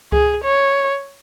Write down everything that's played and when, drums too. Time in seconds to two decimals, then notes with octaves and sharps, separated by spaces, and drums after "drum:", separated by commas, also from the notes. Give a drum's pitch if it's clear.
0.12 G#4, drum: kick C#2
0.44 C#5